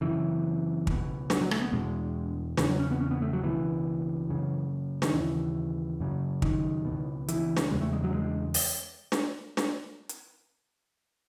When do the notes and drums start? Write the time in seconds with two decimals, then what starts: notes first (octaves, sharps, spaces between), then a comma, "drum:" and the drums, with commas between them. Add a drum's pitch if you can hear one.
0.01 F#2 C#3 E3
0.87 C#2 B2, drum: kick
1.30 F#3, drum: snare
1.41 F#3
1.51 A3, drum: rim click
1.62 B3
1.73 E2 B2 G#3
2.57 E2 C#3 E3, drum: snare
2.69 F#3
2.79 C#4
2.91 B3
3.00 C#4
3.11 B3
3.22 A3
3.33 F#3
3.43 C#2 B2 E3
4.29 F#2 C#3
5.02 D#3, drum: snare
5.14 D#2 C#3 E3
6.00 F#2 C#3
6.42 D#3, drum: kick
6.85 C#2 B2
7.28 E3, drum: hi-hat
7.57 drum: snare
7.71 E2 C#3 G#3
7.81 A3
7.93 G#3
8.03 F#3
8.14 G#3
8.54 drum: open hi-hat
9.12 drum: snare
9.57 drum: snare
10.09 drum: hi-hat